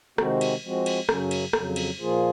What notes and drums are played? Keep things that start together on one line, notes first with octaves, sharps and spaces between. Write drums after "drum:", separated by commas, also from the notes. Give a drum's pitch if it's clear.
C3 D#3 G#3 C4 F#4, drum: rim click
drum: cymbal
F3 G#3 C4 F#4
drum: cymbal
F#2 C#3 F#3 C#4, drum: rim click
drum: cymbal
F2 C#3 F#3, drum: rim click
drum: cymbal
A#2 F3 A#3 F4 G#4